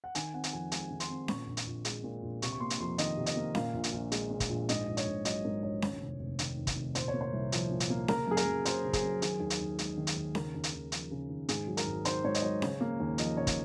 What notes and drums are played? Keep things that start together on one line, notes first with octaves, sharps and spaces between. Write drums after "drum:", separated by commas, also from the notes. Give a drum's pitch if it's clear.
F#5
D#3 G#5, drum: hi-hat
C4 F#5
drum: hi-hat
F2 G#5
G#3 G#5, drum: hi-hat
D#3
C6, drum: hi-hat
C4
A#2 C#6, drum: snare C#4
A#1
drum: hi-hat
A#1
G#3, drum: hi-hat
A#2
A#1
C3 C#6, drum: hi-hat
C#6
A#3 C6
drum: hi-hat
F2 C6
D#3 D#5, drum: hi-hat
C3
D#5, drum: hi-hat
A#3
A#2 F5, drum: snare C#4
A#1
drum: hi-hat
A#1
G#3, drum: hi-hat
A#2
drum: kick, hi-hat
A#1
G#2 D#5, drum: hi-hat
A#1
C#5, drum: hi-hat
A#1
F#3 D#5, drum: hi-hat
G#2 A#4
A#1 C#5
D#2, drum: snare C#4
F1
F1
D#3, drum: hi-hat
D#2
drum: kick, hi-hat
F1
A#2 C5, drum: hi-hat
C#5
A#3
C5
C2
F3, drum: hi-hat
A#2
drum: hi-hat
A#3
C#3 A#4, drum: snare C#4
F#2 G#4
A#4, drum: hi-hat
F#2
F#3 C5, drum: hi-hat
C#3
G#4, drum: kick, hi-hat
F#2
D#3 G#4, drum: hi-hat
D#2
drum: hi-hat
D#2
G#3, drum: hi-hat
D#3
drum: hi-hat
D#2
C#3 A#4, drum: snare C#4
D#2
drum: hi-hat
D#2
F3, drum: hi-hat
C#3
D#2
G#2 G#4, drum: hi-hat
F#3
A#4, drum: hi-hat
G#1
D#3 C5, drum: hi-hat
G#2 C#5
D#5, drum: hi-hat
F#3 C#5
C#3, drum: snare C#4
A#3
D#2
F3 D#5, drum: hi-hat
C#3 C#5
drum: kick, hi-hat